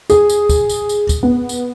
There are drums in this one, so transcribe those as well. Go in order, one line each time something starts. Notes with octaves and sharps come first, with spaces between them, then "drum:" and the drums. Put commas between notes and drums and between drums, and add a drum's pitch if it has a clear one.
G#4, drum: tambourine
drum: tambourine
drum: kick, tambourine
drum: tambourine
drum: tambourine
drum: kick, tambourine
B3
drum: tambourine